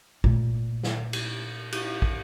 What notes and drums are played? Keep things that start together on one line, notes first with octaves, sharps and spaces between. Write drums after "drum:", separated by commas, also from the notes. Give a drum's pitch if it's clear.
A#2 A3, drum: kick
drum: snare
drum: cymbal
drum: cymbal
drum: kick